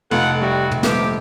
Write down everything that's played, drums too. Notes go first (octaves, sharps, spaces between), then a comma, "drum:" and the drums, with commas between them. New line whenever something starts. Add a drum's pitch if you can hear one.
F1 F4 A4 F#5
G3 A3 F#4 G4
drum: tom
G2 A#2 F3 A3 G4, drum: snare